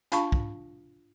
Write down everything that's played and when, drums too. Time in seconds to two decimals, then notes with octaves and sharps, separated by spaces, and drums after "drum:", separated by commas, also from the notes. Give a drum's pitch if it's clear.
0.12 D4 F4 F5 A5 B5 C#6, drum: hi-hat
0.32 drum: kick